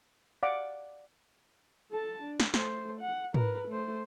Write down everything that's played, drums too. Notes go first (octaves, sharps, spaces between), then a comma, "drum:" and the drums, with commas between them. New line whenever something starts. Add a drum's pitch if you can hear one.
D5 F5 F#5 D6
A4 A5
D4
drum: snare
A3 C5, drum: snare
F#5
A#4 B4, drum: tom
A3 C5